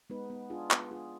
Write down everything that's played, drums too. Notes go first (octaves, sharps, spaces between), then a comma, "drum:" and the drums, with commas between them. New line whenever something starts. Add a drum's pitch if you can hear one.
G#3 B3 D#4 B4
B3
D4 F4 G#4
B3, drum: clap
D4 F4 G#4